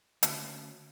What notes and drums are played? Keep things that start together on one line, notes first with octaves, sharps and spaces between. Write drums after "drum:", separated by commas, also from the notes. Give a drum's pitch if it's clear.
D3 A3 A#3 C#4 F#4 C5, drum: hi-hat